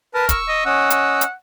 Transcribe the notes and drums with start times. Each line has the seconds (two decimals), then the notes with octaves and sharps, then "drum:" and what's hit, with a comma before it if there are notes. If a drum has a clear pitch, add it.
0.14 A#4 B4 A5
0.29 C#6 E6, drum: kick, hi-hat
0.48 D#5
0.65 C#4 D#5 F#5 E6
0.90 drum: hi-hat
1.21 drum: hi-hat